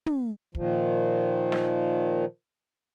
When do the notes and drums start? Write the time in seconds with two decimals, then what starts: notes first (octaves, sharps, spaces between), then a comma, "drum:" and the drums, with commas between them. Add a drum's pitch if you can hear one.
0.06 drum: tom
0.55 A#2 D#3 F3, drum: kick
1.52 drum: snare